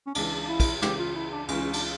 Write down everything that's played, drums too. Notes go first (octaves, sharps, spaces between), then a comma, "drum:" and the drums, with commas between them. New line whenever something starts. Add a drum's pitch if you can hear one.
C#4
C#2 C#3 E3 D4, drum: cymbal
D4
E4
drum: kick, cymbal
C#2 C#3 E3 G4, drum: snare
F4
E4
D4
C#2 C#3 E3 C#4, drum: cymbal
D4, drum: cymbal